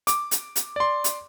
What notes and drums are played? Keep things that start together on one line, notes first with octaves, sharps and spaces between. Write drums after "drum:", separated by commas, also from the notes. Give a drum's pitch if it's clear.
D6, drum: hi-hat
drum: hi-hat
drum: hi-hat
D5 C6
drum: hi-hat